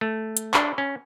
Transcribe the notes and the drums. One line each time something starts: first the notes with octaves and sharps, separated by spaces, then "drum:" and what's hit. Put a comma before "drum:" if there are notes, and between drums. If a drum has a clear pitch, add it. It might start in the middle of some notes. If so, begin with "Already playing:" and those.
A3
drum: hi-hat
D4, drum: clap
C#4